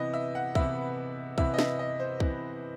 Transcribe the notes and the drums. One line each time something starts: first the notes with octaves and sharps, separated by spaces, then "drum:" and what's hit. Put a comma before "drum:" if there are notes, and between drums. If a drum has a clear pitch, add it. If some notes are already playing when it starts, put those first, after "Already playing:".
Already playing: C3 E3 B3 E4 D#5
E5
F#5
C3 E3 B3 E4 E5, drum: kick
C3 E3 B3 E4 E5, drum: kick
D#5
E5, drum: snare
D#5
C5
C3 E3 B3 E4, drum: kick